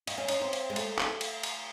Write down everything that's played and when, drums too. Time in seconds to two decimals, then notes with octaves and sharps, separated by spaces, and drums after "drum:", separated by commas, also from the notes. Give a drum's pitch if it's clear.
0.07 D#4, drum: cymbal
0.18 C#4
0.28 D#4, drum: cymbal
0.41 C4
0.53 drum: cymbal
0.70 G#3
0.76 A3, drum: cymbal
0.98 drum: clap
1.21 drum: cymbal
1.43 drum: cymbal